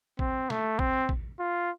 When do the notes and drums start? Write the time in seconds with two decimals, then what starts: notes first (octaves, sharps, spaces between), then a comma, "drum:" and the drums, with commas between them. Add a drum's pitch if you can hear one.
0.19 C4, drum: kick
0.50 A3, drum: snare
0.79 C4, drum: kick
1.09 drum: kick
1.39 F4